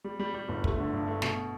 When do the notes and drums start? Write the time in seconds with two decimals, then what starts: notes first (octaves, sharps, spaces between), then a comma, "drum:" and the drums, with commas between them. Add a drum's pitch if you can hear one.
0.04 G3
0.19 G3
0.34 G3
0.49 G1
0.64 A3, drum: kick
0.78 D3
0.93 G2
1.07 A3
1.22 B2, drum: snare